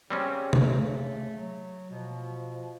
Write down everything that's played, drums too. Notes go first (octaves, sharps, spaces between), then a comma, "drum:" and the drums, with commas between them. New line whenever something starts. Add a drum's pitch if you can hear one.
C#3 G3 C4 C#4 G4
A3, drum: tom
F#3
B2 F3